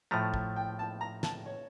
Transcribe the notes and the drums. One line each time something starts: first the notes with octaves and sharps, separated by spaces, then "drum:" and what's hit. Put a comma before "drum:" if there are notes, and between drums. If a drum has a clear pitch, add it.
A2 F3 A3 A#5
drum: kick
G5
A5
A#5
A5, drum: snare
C#5